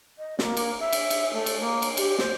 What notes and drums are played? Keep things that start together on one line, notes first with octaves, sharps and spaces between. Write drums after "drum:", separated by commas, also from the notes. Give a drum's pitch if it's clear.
D#5
A#3, drum: snare
drum: cymbal
E5
drum: cymbal
drum: cymbal
A3
drum: cymbal
A#3
drum: cymbal
G4, drum: cymbal
C5, drum: snare